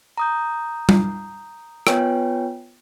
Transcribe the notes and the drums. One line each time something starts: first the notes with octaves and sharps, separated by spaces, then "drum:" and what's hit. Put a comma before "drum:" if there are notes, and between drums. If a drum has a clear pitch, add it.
A#5 D#6 G6
drum: tom
B3 F4 B4 C#5 G5 G#5, drum: rim click